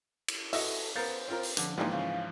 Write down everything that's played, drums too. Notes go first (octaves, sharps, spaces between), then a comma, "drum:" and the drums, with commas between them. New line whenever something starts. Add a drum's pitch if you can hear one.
drum: cymbal
E4 F#4 A4 D#5 E5, drum: open hi-hat
B3 A#4 C5 F5 G6 A6
C4 F4 A#4
drum: open hi-hat
D3 F3, drum: hi-hat
G#2 E3 F3 A#3 C4 C#4 D#4
C#3 F5